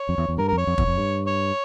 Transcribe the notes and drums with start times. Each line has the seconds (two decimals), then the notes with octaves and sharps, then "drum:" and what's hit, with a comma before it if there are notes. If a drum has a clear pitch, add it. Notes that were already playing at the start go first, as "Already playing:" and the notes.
Already playing: C#5
0.09 F2
0.18 E2
0.28 E2
0.38 G2 A#4
0.48 A#4
0.52 F2
0.58 C#5
0.67 F2
0.78 E2, drum: kick
0.87 F2
0.98 G2
1.27 C#5